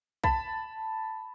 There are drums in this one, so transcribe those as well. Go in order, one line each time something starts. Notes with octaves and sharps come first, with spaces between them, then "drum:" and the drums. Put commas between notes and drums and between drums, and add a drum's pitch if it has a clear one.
A5 B5, drum: kick B1